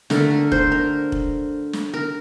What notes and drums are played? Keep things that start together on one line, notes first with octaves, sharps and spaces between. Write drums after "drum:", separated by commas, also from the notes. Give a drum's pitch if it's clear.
D3 A3 A#4, drum: snare
A#4
C5, drum: kick
A#4
drum: kick
drum: snare
A#4